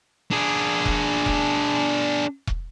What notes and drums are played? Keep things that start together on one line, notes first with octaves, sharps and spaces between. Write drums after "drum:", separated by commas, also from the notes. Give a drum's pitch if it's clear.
D4 G#4
drum: kick E1
drum: kick E1
drum: kick E1